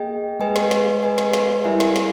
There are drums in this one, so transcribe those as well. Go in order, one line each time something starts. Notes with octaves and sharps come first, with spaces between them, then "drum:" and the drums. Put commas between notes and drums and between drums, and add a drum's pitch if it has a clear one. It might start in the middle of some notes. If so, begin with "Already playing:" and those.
Already playing: A#3 G#4 D#5 G5
G#3 G#4 B4 D#5 G#5
drum: snare
drum: snare
G#4 B4 D#5 G#5
drum: snare
drum: snare
G3 E4 A#4 E5 G#5
drum: snare
drum: snare